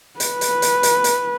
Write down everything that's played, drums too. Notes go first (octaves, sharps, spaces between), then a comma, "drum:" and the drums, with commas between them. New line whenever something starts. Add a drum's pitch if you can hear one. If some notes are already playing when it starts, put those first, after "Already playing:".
B4, drum: hi-hat
drum: hi-hat
drum: hi-hat
drum: hi-hat
drum: hi-hat